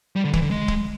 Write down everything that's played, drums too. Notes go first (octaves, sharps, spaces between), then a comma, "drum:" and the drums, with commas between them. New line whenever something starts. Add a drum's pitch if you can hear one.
G3
D3
E3, drum: kick
D3
G#3
drum: kick